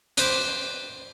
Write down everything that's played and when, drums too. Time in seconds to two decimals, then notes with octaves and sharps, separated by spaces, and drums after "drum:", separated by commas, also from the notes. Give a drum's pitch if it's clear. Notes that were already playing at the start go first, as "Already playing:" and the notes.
0.17 B4 C5 B5 D6, drum: hi-hat